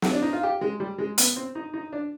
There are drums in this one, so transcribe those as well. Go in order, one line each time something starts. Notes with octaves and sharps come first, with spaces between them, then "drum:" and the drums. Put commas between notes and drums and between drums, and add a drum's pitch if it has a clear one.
drum: snare
D4
D#4
F4
G4
G#3
G3
G#3
B3, drum: hi-hat
C4
D#4
D#4
D4